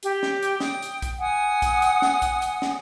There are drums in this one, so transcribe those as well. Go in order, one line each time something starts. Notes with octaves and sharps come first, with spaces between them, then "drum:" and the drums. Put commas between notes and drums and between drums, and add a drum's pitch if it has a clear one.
G4, drum: hi-hat
drum: snare
drum: hi-hat
G5 D#6, drum: snare
drum: hi-hat
drum: kick, hi-hat
F#5 G#5 D#6
drum: kick, hi-hat
drum: hi-hat
drum: snare
drum: kick, hi-hat
drum: hi-hat
drum: snare